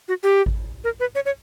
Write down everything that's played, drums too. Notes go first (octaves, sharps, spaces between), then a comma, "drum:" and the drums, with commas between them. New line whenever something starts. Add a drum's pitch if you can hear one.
F#4
G4
drum: kick G#1
A#4
B4
C#5
C#5